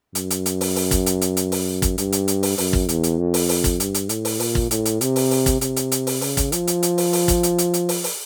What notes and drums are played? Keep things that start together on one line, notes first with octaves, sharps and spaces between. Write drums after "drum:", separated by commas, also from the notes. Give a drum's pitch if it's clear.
F#2, drum: hi-hat
drum: hi-hat
drum: hi-hat
drum: open hi-hat
drum: open hi-hat
drum: kick, hi-hat
drum: hi-hat
drum: hi-hat
drum: hi-hat
drum: open hi-hat
drum: kick, hi-hat
G2, drum: hi-hat
drum: hi-hat
drum: hi-hat
drum: open hi-hat
F#2, drum: open hi-hat
drum: kick
E2, drum: hi-hat
drum: hi-hat
F2
drum: open hi-hat
drum: open hi-hat
drum: kick, hi-hat
G2, drum: hi-hat
drum: hi-hat
A2, drum: hi-hat
drum: open hi-hat
A#2, drum: open hi-hat
drum: kick
A2, drum: hi-hat
drum: hi-hat
C3, drum: hi-hat
drum: open hi-hat
drum: open hi-hat
drum: kick, hi-hat
C3, drum: hi-hat
drum: hi-hat
drum: hi-hat
drum: open hi-hat
C#3, drum: open hi-hat
drum: kick, hi-hat
F3, drum: hi-hat
drum: hi-hat
drum: hi-hat
drum: open hi-hat
drum: open hi-hat
drum: kick, hi-hat
drum: hi-hat
drum: hi-hat
drum: hi-hat
drum: open hi-hat
drum: open hi-hat